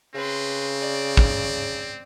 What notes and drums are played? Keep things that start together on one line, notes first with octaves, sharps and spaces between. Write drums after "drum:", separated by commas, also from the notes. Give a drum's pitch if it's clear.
C#3 C4 B4 C6
D5
drum: kick